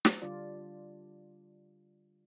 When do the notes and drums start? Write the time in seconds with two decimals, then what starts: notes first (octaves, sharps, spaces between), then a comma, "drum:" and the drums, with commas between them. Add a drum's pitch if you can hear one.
0.05 drum: snare
0.22 D3 G3 D4 F4 D5